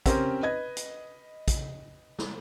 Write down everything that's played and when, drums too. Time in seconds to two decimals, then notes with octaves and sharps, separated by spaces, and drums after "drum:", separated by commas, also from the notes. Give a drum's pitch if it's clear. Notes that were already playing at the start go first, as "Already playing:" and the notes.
0.06 C4 C#4 G4 A#4 C5, drum: kick, hi-hat
0.43 B4 D#5 G#6
0.77 drum: hi-hat
1.48 drum: kick, hi-hat
2.19 drum: snare